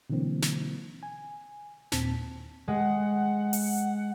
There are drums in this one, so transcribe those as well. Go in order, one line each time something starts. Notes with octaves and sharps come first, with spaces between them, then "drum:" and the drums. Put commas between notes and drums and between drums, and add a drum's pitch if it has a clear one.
B2 D3 E3 F#3 A#3 C4
drum: snare
G#5
D#2 A#2 C4 A5 B6, drum: snare
G#3 F#5
drum: open hi-hat